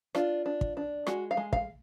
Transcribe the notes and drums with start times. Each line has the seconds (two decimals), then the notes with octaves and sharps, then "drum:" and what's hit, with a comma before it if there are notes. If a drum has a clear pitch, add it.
0.15 D4 F4, drum: rim click
0.46 D4
0.61 drum: kick
0.77 D4
1.07 G#3 F#4, drum: rim click
1.31 F5
1.37 G#3
1.53 F5, drum: kick